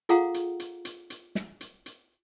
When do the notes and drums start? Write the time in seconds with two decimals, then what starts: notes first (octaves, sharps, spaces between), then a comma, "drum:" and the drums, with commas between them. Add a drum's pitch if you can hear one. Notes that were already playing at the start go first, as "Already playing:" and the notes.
0.09 F4 G#4 A4 F5 F#5 A#5, drum: hi-hat
0.34 drum: hi-hat
0.60 drum: hi-hat
0.85 drum: hi-hat
1.10 drum: hi-hat
1.35 drum: snare
1.61 drum: hi-hat
1.86 drum: hi-hat